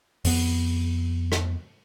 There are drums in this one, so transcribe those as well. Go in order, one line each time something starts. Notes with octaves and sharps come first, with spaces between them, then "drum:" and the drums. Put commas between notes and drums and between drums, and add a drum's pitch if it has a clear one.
F2 B3, drum: open hi-hat
drum: rim click